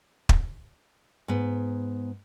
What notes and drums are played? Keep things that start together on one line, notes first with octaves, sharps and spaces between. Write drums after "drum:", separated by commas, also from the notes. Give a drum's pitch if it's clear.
drum: kick
G#2 B3